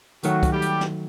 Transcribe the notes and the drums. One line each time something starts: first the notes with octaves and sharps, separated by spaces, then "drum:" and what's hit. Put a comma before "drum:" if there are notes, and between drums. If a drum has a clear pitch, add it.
D#3 F#3 A3 F#4, drum: hi-hat
drum: kick, hi-hat
G3 G4
drum: hi-hat
drum: snare